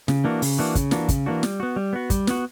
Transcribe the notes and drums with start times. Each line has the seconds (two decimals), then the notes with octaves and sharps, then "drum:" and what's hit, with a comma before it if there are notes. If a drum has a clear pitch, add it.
0.08 C#3, drum: snare
0.24 E3 A#3 D4 F#4
0.42 C#3, drum: open hi-hat
0.59 E3 A#3 D4 F#4
0.75 C#3, drum: kick, hi-hat
0.91 E3 A#3 D4 F#4, drum: snare
1.09 C#3, drum: kick, hi-hat
1.26 E3 A#3 D4 F#4
1.43 G3, drum: snare
1.60 B3 F#4
1.76 G3
1.93 B3 F#4
2.10 G3, drum: kick, hi-hat
2.27 B3 F#4, drum: snare